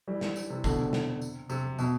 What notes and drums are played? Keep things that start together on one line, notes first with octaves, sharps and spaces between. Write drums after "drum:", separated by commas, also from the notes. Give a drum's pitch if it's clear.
E3 G3
drum: snare
drum: tambourine
C3 E3
B2 D3, drum: kick, tambourine
C3
drum: snare
drum: tambourine
C3, drum: tambourine
B2, drum: tambourine